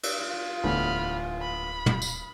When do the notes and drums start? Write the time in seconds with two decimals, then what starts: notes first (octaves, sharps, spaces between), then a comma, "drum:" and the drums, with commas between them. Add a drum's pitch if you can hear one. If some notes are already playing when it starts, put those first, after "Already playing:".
0.03 drum: cymbal
0.19 F4
0.64 D1 E2 A2 D3 A#3 B5 F6
1.41 B5
1.86 drum: tom
2.02 drum: tambourine